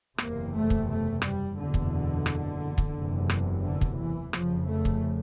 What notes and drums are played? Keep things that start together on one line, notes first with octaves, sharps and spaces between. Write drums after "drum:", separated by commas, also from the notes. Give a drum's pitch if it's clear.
F#1 E2 C3 A#3, drum: rim click
A3
drum: kick
A3
G3, drum: rim click
F#1 E2 B2 D3
drum: kick
drum: rim click
drum: kick
F#1 E2 C3
drum: rim click
D3
drum: kick
E3
F1 F2 C#3 F3, drum: rim click
A3
drum: kick